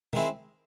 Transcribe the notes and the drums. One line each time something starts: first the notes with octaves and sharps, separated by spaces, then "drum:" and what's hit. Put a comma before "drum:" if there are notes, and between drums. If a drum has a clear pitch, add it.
D#3 G#3 C4 E4, drum: tom